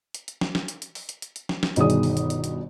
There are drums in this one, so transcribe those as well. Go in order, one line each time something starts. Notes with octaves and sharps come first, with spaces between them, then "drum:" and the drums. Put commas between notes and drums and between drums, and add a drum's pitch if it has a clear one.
drum: hi-hat
drum: hi-hat
drum: snare
drum: snare
drum: hi-hat
drum: hi-hat
drum: open hi-hat
drum: hi-hat
drum: hi-hat
drum: hi-hat
drum: snare
drum: snare
G1 B2 D#3 G#4 D5 D#6, drum: hi-hat
drum: hi-hat
drum: open hi-hat
drum: hi-hat
drum: hi-hat
drum: hi-hat